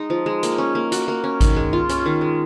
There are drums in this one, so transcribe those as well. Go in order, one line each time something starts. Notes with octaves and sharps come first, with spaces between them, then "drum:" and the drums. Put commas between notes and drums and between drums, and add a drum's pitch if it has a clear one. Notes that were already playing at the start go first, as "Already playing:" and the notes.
Already playing: G#3 D#4
F3
G#3
A#3, drum: hi-hat
C#4
A#3
F#4, drum: hi-hat
A#3
C#4
D#3, drum: kick G#1, hi-hat
G#3
F4
C#4, drum: hi-hat
D#3
G#3